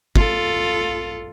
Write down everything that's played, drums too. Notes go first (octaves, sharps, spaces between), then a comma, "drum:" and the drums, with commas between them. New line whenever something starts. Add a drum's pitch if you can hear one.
F4 A4, drum: kick